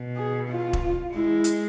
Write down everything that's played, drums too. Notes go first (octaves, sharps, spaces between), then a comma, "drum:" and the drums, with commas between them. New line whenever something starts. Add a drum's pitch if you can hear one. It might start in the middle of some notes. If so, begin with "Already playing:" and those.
Already playing: B2
G#4
F4
drum: kick E1
G#3 E4
drum: hi-hat